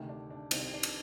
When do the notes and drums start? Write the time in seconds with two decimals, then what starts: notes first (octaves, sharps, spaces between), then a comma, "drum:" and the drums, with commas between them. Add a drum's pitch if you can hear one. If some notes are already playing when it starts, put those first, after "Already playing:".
Already playing: D2 C3 D#3
0.09 D4
0.30 D4
0.51 C2 C3 D#3 C4 D#4, drum: cymbal
0.73 D4
0.83 drum: cymbal